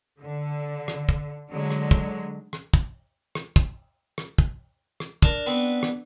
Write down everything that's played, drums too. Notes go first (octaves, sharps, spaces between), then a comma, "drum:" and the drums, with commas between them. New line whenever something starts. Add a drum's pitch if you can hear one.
D3
drum: rim click
drum: kick
D3 F#3 G#3
drum: rim click
drum: kick
drum: rim click
drum: kick
drum: rim click
drum: kick
drum: rim click
drum: kick
drum: rim click
D4 A#4 A5, drum: kick
B3 C4 B4
drum: rim click